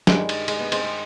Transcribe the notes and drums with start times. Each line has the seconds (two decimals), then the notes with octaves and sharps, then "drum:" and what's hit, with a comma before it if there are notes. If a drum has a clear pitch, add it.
0.07 G2 D#3 G3 G#3, drum: snare
0.29 drum: cymbal
0.48 G#3, drum: cymbal
0.60 B3
0.72 G#3 C4, drum: cymbal
0.85 C4